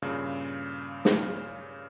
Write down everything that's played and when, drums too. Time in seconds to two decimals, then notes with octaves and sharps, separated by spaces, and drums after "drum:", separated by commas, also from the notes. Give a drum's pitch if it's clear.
0.02 G2 A#2 C#3
1.05 drum: snare